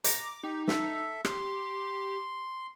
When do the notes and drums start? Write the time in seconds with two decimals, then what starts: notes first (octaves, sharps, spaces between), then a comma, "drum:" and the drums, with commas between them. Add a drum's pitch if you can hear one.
0.04 A#5 D6, drum: hi-hat
0.43 D#4 G4
0.68 A4 E5, drum: snare
1.25 G4 C6, drum: rim click